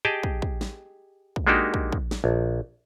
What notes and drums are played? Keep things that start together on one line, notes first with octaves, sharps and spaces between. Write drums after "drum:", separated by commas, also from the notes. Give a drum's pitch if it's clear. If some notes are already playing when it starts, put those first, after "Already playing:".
G4 G#4 D#5 G5 A5
drum: kick
drum: kick
drum: snare
drum: kick
G#3 A#3 D4 D#4 F#4 G4
drum: kick
drum: kick
drum: snare
A#1